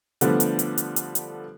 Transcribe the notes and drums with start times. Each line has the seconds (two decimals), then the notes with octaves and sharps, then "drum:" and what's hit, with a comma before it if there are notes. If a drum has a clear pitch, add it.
0.21 D3 F3 G3 A3 B3, drum: hi-hat
0.40 drum: hi-hat
0.59 drum: hi-hat
0.78 drum: hi-hat
0.96 drum: hi-hat
1.15 drum: hi-hat